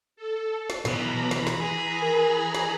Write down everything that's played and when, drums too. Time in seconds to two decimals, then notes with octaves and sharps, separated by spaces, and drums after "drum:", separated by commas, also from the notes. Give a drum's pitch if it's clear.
0.16 A4
0.70 drum: snare
0.85 B1 E3 B3 A#5 B5, drum: snare
1.31 drum: snare
1.47 drum: snare
1.60 G#4
2.01 A#4
2.55 drum: snare